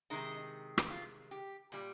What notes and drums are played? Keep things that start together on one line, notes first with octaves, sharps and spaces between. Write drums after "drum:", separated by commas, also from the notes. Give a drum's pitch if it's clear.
C3 D#3 G#3 D#4
drum: rim click
F4
G4
A#2 G3